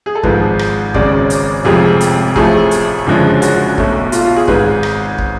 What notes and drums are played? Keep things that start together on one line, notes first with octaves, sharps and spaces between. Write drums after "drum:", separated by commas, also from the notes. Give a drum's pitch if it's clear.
G#4
A4
G#1 G#2 F3 G#3 B4, drum: kick
drum: rim click
G#1 F#2 C#3 G#3 D5, drum: kick
drum: hi-hat
F1 F2 F3 G#3 G#4
drum: hi-hat
A1 A2 F3 A3 G#4, drum: kick
drum: hi-hat
F#1 F#2 D3 F3 G#3
F#4, drum: hi-hat
B1 B2 A3, drum: kick
F4, drum: hi-hat
F4
G#4
G#1 G#2 G#3 B4, drum: kick
drum: rim click
drum: kick